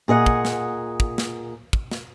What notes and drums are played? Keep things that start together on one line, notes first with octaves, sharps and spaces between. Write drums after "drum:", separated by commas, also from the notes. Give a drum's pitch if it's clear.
A#2 G#4 D#5 F#5
drum: kick
drum: snare
drum: kick
drum: snare
drum: kick
drum: snare